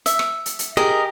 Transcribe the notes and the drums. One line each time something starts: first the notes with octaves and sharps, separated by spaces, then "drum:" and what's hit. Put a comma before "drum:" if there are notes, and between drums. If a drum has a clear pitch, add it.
E5, drum: hi-hat
drum: rim click
drum: hi-hat
drum: hi-hat
G4 G#4 A#4 D#5